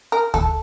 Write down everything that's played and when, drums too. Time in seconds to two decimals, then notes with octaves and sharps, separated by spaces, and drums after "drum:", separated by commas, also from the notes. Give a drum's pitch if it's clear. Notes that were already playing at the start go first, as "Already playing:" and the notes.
0.12 A#4
0.34 A4, drum: kick D2